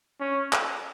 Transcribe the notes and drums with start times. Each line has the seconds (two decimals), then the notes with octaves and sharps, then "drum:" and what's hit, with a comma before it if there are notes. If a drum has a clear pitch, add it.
0.21 C#4
0.53 drum: clap